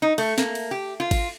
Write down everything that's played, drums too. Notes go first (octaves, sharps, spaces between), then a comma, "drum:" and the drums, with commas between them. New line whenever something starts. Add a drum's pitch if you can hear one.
D#4
A3, drum: cymbal
A#3, drum: snare
drum: cymbal
G4
F4
drum: kick G#1, cymbal